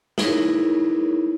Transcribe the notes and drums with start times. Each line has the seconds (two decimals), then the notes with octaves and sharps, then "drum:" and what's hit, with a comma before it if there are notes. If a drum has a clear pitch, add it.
0.18 D#4 E4 G#4 A#4 B4 C#5, drum: snare